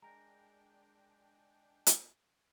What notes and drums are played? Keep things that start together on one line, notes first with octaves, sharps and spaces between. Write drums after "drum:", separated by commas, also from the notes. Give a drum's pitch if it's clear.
G#3 D4 A#4 G5 A#5
drum: hi-hat